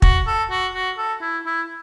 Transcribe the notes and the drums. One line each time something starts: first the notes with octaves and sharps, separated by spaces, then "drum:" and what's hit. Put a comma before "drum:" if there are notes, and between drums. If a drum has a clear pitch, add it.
F#4, drum: kick
A4
F#4
F#4
A4
E4
E4